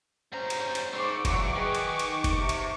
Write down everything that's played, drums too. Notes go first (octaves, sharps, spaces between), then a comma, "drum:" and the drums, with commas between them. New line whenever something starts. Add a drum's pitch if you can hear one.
G3 C#4 C5 A#5
drum: cymbal
drum: cymbal
G#2 G3 D#4 C5 C#6 D6 E6
E2 C#3 E3 F#3, drum: kick F#1, cymbal
D#3 G#4 B4
drum: cymbal
drum: cymbal
drum: kick F#1, cymbal
C3
drum: cymbal